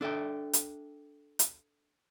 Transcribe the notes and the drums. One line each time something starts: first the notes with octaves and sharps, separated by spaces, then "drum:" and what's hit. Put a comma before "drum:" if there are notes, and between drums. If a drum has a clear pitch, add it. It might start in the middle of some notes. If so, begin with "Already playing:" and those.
D4 A4 E5 G5
drum: hi-hat
drum: hi-hat